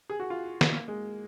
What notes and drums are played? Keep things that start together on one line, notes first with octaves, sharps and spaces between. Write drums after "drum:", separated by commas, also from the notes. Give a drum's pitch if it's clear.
G#4
F#4
F4
drum: snare
A#3
G#3